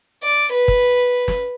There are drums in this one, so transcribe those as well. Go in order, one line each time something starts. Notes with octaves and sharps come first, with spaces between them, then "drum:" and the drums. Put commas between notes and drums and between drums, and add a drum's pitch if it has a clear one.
D5
B4
drum: kick
drum: snare